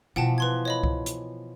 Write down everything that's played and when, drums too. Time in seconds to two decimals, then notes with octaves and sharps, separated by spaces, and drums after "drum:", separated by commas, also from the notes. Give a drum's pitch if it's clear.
0.16 B2 E3 F3 F#5 G5 A5
0.38 B4 C6 G#6
0.65 C#5 D#5 B5
0.83 drum: kick C2
1.06 drum: hi-hat